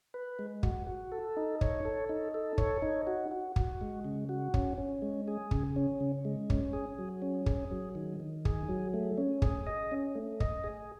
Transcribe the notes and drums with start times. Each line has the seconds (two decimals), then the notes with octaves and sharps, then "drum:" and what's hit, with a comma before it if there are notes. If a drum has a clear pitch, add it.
0.14 B4
0.39 G#3
0.63 F#4, drum: kick
0.87 F#4
1.12 A4
1.37 D#4
1.61 C#5, drum: kick
1.85 A4
2.09 D#4
2.34 A4
2.58 C#5, drum: kick
2.82 D#4
3.07 F#4
3.31 F#4
3.56 F#4, drum: kick
3.81 G#3
4.04 C#3
4.29 F#4
4.54 C#4, drum: kick
4.78 C#4
5.02 G#3
5.28 G#4
5.51 C#3, drum: kick
5.76 C#4
6.00 C#3
6.25 G#3
6.50 C#4, drum: kick
6.73 G#4
6.99 F#3
7.22 C#4
7.46 G#4, drum: kick
7.71 F#3
7.95 D#3
8.20 D#3
8.45 G#4, drum: kick
8.69 F#3
8.94 A3
9.18 C#4
9.42 G#4, drum: kick
9.67 D#5
9.92 C#4
10.15 A3
10.40 D#5, drum: kick
10.64 G#4